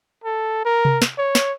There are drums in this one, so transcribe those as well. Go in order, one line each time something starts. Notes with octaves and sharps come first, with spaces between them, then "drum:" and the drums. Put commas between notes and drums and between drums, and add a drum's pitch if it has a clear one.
A4
A#4
drum: tom C3
drum: snare
C#5
drum: snare